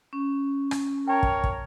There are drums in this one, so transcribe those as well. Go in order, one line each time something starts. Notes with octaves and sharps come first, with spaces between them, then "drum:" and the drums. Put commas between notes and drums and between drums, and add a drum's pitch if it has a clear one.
C#4
drum: rim click
A#4 C#5 G5 A5
drum: kick
drum: kick